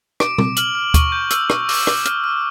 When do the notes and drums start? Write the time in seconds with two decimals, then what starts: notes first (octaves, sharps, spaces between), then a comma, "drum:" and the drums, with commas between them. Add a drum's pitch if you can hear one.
0.20 D6 D7, drum: rim click
0.38 D6, drum: tom
0.57 F6 F#7, drum: hi-hat
0.75 F6
0.94 C#6, drum: kick, hi-hat
1.12 G6
1.30 E6, drum: hi-hat
1.50 C#6, drum: rim click
1.69 D6, drum: open hi-hat
1.87 D6, drum: rim click
2.05 F6, drum: hi-hat
2.24 F6